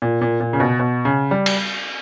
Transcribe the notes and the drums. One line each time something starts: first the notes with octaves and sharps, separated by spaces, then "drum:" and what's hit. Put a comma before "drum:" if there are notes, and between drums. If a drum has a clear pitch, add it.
A#2
A#2
A#2
C#3
B2
B2
C#3
G3
drum: cymbal